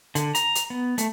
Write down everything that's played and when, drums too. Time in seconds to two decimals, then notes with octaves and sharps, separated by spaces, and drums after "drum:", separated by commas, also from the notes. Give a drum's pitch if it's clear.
0.15 D3, drum: hi-hat
0.35 A#5, drum: hi-hat
0.55 drum: hi-hat
0.70 B3
0.98 A3, drum: hi-hat